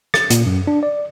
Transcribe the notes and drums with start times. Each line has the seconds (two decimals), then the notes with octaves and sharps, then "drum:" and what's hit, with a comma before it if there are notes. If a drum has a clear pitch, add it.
0.14 A6, drum: rim click
0.30 A#2, drum: hi-hat
0.46 F#2
0.67 D4
0.83 D5